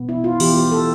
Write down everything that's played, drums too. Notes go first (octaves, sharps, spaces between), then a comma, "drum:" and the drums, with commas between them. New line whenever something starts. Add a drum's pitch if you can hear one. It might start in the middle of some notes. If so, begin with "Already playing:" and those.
Already playing: B2 B3
E4
F4
E3 B3 G4, drum: open hi-hat
G4
A4